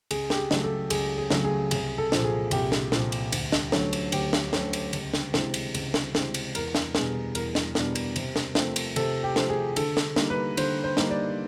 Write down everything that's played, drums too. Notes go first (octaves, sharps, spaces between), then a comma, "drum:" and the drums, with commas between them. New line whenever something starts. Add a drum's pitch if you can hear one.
C#2 G#4, drum: cymbal
G4, drum: snare
G#4
C#3 F#3 A3, drum: snare
A4
C#2 G#4, drum: cymbal
G#4
C#3 F#3 A3, drum: snare
G#4
C2 G#4, drum: cymbal
A4
A#2 F3, drum: snare
G#4
C2 G4, drum: cymbal
drum: snare
A#2 F3, drum: snare
drum: cymbal
D2, drum: cymbal
drum: snare
D3 F#3 A3 C#4, drum: snare
drum: cymbal
D2 G4, drum: cymbal
drum: snare
D3 F#3 A3 C#4, drum: snare
drum: cymbal
C#2, drum: cymbal
drum: snare
C3 E3 G#3 C4, drum: snare
drum: cymbal
C#2, drum: cymbal
drum: snare
C3 E3 G#3 C4, drum: snare
drum: cymbal
E2 A#4, drum: cymbal
drum: snare
B2 G3 B3 D4 G#4, drum: snare
E2 A#4, drum: cymbal
drum: snare
B2 G3 B3 D4, drum: snare
drum: cymbal
C3, drum: cymbal
drum: snare
F3 A3 C4, drum: snare
drum: cymbal
C3 A4, drum: cymbal
G4
F3 A3 C4, drum: snare
G#4
D3 A4, drum: cymbal
drum: snare
G3 A#3 D#4, drum: snare
B4
D3 C5, drum: cymbal
C5
G3 A#3 D#4, drum: snare
D5